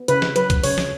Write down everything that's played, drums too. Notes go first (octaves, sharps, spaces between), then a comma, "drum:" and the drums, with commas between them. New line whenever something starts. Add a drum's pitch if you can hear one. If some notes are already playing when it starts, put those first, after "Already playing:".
Already playing: B3
C#3 B4, drum: hi-hat
drum: snare
F#3 B4, drum: hi-hat
drum: kick C2, hi-hat
C#3 C#5, drum: open hi-hat
drum: snare